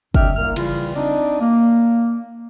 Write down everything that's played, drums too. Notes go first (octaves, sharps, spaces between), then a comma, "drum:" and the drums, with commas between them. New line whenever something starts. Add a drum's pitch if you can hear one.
F2 B2 D4 E5 G5 F6, drum: kick
C2 A#3 A#4 F6
C#3 E3 G3 E4 F4, drum: cymbal
C4 D4 D#4 D5
A#3